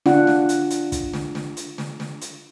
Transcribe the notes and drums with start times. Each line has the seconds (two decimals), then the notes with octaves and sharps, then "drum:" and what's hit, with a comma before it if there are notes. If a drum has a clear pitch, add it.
0.06 D4 F4 F#5, drum: snare
0.27 drum: snare
0.49 drum: hi-hat
0.70 drum: hi-hat
0.92 drum: kick, hi-hat
1.14 drum: snare
1.35 drum: snare
1.57 drum: hi-hat
1.78 drum: snare
2.00 drum: snare
2.21 drum: hi-hat